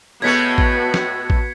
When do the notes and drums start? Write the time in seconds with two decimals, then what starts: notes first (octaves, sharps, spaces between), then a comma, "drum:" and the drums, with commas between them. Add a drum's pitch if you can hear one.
0.22 A2 G#3 A3 B3 F#4 G#6 B6 C#7
0.58 drum: kick A1
0.94 drum: snare
1.30 drum: kick A1